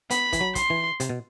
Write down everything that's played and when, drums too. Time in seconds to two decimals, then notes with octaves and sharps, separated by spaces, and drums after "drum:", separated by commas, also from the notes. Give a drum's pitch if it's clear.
0.10 B3 B5, drum: hi-hat
0.33 E3, drum: kick, hi-hat
0.41 F#3
0.55 C6, drum: kick, hi-hat
0.70 E3
1.00 C3, drum: hi-hat
1.09 B2